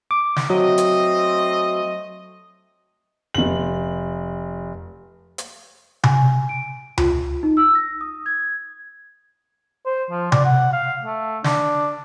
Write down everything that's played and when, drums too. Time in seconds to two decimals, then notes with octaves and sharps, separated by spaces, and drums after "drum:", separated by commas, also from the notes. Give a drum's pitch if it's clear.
0.11 D6
0.36 drum: snare
0.50 F#3 A3 C4 D#5
0.78 drum: hi-hat
3.34 F1 F#7
5.38 drum: hi-hat
6.04 G#5, drum: tom C3
6.49 D7
6.98 F4, drum: tom C#2
7.43 D#4
7.57 E6
7.75 A#6
8.01 D#6
8.26 G#6
9.86 C5
10.11 F3
10.32 D5, drum: tom C3
10.45 F#5
10.73 F5
11.03 A3
11.44 D4, drum: snare